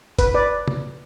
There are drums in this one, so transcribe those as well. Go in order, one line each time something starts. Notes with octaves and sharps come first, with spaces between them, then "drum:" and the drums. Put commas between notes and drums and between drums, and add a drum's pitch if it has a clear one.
B4, drum: kick, hi-hat
B4 D5
drum: tom